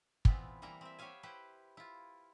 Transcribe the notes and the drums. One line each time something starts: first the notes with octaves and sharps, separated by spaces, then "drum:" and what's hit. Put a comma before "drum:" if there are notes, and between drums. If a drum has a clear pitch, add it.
A#2 E3 B3 C4 E4 F4, drum: kick
E3 G3 A#3 E4 A#5
C4 E5
B3 G4 C#5 E5 F5 G#5
E4 G4 B4 C5
E4 F4